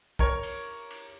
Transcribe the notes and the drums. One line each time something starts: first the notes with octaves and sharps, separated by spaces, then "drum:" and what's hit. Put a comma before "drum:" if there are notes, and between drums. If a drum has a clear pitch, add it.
A#4 C#5, drum: kick
drum: cymbal
drum: cymbal